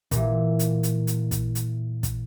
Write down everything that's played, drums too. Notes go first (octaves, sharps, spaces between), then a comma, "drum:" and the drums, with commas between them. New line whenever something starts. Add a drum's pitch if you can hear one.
A#2 E3, drum: kick, hi-hat
drum: hi-hat
drum: hi-hat
drum: hi-hat
drum: kick, hi-hat
drum: hi-hat
drum: kick, hi-hat